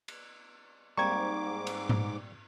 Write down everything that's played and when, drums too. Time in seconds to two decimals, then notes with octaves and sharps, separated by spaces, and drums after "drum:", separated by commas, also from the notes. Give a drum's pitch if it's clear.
0.08 drum: cymbal
0.97 G#2 G3 A#3 C4 A#5 C#6 D6 G#6
1.67 drum: cymbal
1.89 drum: tom G#2